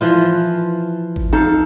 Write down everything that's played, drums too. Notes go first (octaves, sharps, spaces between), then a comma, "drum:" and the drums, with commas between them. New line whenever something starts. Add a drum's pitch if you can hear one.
E3 F3 F4
drum: kick G#1
D#4 A4 F5